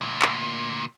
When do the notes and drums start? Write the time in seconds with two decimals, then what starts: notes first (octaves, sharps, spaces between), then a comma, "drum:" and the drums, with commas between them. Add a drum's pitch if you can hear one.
0.01 D2 A#2
0.22 drum: clap